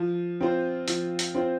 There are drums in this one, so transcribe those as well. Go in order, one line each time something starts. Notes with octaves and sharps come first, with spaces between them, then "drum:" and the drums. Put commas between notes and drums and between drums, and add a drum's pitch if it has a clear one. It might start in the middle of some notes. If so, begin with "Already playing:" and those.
Already playing: F3
C4 F4 C5
F3, drum: hi-hat
drum: hi-hat
C4 F4 C5